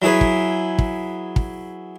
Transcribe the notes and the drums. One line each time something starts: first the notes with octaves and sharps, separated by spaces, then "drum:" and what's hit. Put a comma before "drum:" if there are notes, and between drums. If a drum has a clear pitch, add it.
F#3 E4 G#4 B4
drum: kick
drum: kick
drum: kick